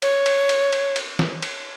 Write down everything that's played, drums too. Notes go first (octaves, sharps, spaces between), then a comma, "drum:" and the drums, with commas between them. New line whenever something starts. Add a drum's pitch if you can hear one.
C#5, drum: cymbal
drum: cymbal
drum: cymbal
drum: cymbal
drum: cymbal
drum: snare
drum: cymbal